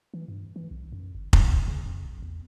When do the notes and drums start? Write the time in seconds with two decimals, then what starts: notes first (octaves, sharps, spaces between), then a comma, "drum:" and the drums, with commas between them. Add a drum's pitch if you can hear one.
0.14 E3
0.28 G2
0.56 E3
0.71 B1
0.92 F#2
1.15 G1
1.33 A#1, drum: kick F1
1.53 G#1
1.68 C#3
1.86 F2
2.05 A#1
2.22 E2